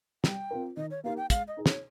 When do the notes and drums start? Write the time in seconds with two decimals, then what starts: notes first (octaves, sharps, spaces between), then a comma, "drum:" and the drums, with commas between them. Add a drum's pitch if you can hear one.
0.24 G3 G5, drum: snare
0.51 C4 F4 A#4
0.77 D#3 D#5
0.91 C#5
1.04 A#3 D#4 G4 A#4 F5
1.17 G5
1.30 G#3 F5, drum: kick, hi-hat
1.48 D#5
1.57 D#4 G#4
1.66 C#5, drum: snare